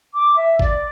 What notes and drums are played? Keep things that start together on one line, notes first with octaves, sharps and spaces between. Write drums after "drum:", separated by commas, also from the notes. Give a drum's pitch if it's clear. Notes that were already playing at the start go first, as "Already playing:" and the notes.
D6
E5
D5, drum: kick A1